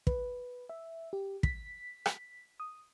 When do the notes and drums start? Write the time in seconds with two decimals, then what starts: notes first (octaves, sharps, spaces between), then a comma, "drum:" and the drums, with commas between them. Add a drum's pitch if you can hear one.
0.07 B4, drum: kick
0.69 E5
1.13 G4
1.43 B6, drum: kick
2.06 drum: rim click
2.60 D#6